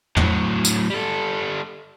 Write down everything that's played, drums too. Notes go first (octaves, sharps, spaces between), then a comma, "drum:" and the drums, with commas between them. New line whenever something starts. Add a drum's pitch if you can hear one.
A2 F#3, drum: tom
drum: tambourine
G3 A4